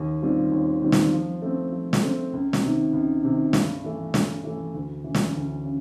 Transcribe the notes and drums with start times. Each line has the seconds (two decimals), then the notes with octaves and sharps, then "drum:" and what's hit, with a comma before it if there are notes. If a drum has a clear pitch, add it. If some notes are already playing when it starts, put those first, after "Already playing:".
Already playing: D#2
0.22 D#3 G3 C4 F4
0.52 D#2
0.82 D#3 G3 C4 F4
0.92 drum: snare
1.13 F3
1.42 A3 C4
1.72 F3
1.93 drum: snare
2.03 A3 C4
2.33 C#2
2.53 drum: snare
2.63 C3 D#3
2.93 C#2
3.24 C3 D#3
3.53 G2, drum: snare
3.84 E3 A3
4.14 G2, drum: snare
4.44 E3 A3
4.74 D2
5.04 C#3 E3
5.15 drum: snare
5.34 D2
5.64 C#3